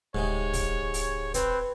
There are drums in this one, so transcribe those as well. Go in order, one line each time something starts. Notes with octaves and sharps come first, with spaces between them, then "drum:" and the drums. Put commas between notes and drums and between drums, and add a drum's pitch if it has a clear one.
D1 G#2 C3 G#3 C#5
drum: kick, open hi-hat
drum: open hi-hat
C4 B4, drum: kick, hi-hat